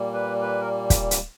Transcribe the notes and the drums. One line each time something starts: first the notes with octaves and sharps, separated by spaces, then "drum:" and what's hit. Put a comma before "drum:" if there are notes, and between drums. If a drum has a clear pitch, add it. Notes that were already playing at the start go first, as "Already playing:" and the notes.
Already playing: A#2 G3 A#3
B4
B4
A#4
drum: kick, hi-hat
drum: hi-hat